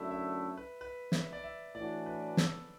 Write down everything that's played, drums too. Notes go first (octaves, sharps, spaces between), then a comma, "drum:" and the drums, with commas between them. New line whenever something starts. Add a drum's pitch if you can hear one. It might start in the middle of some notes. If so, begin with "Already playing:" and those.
Already playing: F#2 D3 A3 E4 E5
E5
B4
B4
E5, drum: snare
D5
E5
A2 E3 D4 F#4 D5
B4
A4, drum: snare